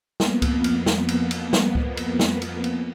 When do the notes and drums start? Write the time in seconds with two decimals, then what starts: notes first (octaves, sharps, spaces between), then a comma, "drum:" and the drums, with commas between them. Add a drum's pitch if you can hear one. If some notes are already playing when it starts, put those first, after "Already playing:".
0.20 F2 A#3 B3, drum: snare
0.42 drum: kick C#2, cymbal
0.64 drum: cymbal
0.86 drum: snare
1.09 drum: cymbal
1.31 drum: cymbal
1.53 drum: snare
1.75 drum: kick C#2
1.97 drum: cymbal
2.19 drum: snare
2.42 drum: cymbal
2.64 drum: cymbal